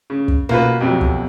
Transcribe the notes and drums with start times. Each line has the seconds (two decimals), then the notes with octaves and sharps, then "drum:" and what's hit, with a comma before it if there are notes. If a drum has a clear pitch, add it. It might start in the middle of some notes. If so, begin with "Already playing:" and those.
0.10 C#3
0.28 drum: kick
0.49 B2 A#3 F4 B4
0.81 F2 C3 F#3
1.01 drum: kick